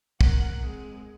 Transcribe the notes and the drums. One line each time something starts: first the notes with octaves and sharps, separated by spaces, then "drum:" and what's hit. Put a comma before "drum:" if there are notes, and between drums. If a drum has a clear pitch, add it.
A#4 F#5, drum: kick
G#3 C4